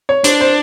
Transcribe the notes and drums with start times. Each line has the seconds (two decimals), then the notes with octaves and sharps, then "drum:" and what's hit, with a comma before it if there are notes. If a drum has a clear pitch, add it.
0.09 C#5
0.24 D4 C5, drum: hi-hat
0.41 C5